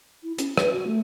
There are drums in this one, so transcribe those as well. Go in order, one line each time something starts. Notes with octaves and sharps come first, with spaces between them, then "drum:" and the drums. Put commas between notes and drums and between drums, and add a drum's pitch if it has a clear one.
E4
C#4, drum: hi-hat
B4, drum: rim click
F#4
A3